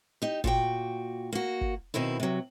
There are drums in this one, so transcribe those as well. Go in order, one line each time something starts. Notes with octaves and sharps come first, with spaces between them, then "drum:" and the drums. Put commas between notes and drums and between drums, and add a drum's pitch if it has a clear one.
D#4 G4
A#2 F#4 G5, drum: kick
A#3 F#4
drum: kick
B2 D#3 C4 E4
C3 F#3